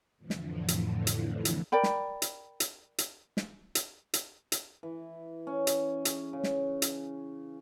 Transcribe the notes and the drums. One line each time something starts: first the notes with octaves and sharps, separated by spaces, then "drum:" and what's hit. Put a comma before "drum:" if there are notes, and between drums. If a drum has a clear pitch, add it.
F2 A2 D3 E3 F3
drum: snare
drum: hi-hat
drum: hi-hat
drum: hi-hat
A#4 D5 G5 B5
drum: snare
drum: hi-hat
drum: hi-hat
drum: hi-hat
drum: snare
drum: hi-hat
drum: hi-hat
drum: hi-hat
E3
C#4
drum: hi-hat
G#4, drum: hi-hat
C#3
drum: snare
drum: hi-hat